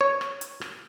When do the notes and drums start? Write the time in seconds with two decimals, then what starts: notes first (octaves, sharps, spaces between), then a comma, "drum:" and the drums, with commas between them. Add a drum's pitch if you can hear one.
0.01 C#5
0.21 drum: rim click
0.41 drum: hi-hat
0.61 drum: rim click